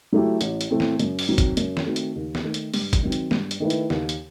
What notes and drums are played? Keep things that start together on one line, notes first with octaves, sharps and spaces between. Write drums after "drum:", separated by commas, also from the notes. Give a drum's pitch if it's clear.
F#3 A3 E4 G4
A1, drum: hi-hat
drum: hi-hat
A2 E3 A3 C4
drum: snare
F#2, drum: hi-hat
drum: open hi-hat
D#3 F#3 C4
drum: kick G1, hi-hat
F#2, drum: hi-hat
drum: snare
D#3 A3 C4 F#4
drum: hi-hat
D#2
drum: snare
D#3 A3
drum: hi-hat
G2, drum: open hi-hat
drum: kick G1, hi-hat
D#3 F#3 C4
drum: hi-hat
G2, drum: snare
drum: hi-hat
D#3 A3 E4 B4
drum: hi-hat
D#2, drum: snare
drum: hi-hat